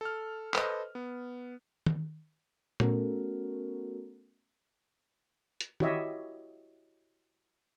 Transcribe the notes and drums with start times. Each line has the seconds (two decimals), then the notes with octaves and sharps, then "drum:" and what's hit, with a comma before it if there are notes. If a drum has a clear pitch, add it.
0.01 A4 F6
0.54 A4 B4 C5 D#5, drum: clap
0.95 B3
1.86 drum: tom D#3
2.80 A3 B3 C#4 F#4 A4 A#4, drum: tom A#2
5.61 drum: hi-hat
5.80 E4 F#4 G4 C#5 D#5 E5, drum: tom D#3